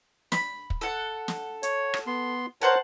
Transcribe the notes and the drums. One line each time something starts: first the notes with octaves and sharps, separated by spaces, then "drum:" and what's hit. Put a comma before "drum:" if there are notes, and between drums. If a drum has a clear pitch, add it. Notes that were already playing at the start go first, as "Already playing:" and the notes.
B5, drum: snare
drum: kick
A4 F#5
drum: snare
C#5, drum: hi-hat
drum: rim click
B3 C6
A#4 C5 C#5 F#5 A5